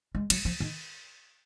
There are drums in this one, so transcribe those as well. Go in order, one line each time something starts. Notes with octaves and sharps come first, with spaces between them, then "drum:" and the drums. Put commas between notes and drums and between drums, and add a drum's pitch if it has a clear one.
G#3
F#3, drum: cymbal
F3
D#3